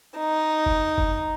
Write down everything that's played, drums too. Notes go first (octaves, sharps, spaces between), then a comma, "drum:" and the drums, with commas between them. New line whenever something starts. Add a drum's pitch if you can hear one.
D#4
drum: kick F#1
drum: kick F#1